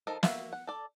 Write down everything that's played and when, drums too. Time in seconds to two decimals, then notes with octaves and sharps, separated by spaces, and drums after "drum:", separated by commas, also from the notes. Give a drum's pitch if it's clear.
0.07 F3 D#4 A4 A#4
0.23 A#3 C#4 F#4 E5 F5, drum: snare
0.53 F#5
0.67 A4 D5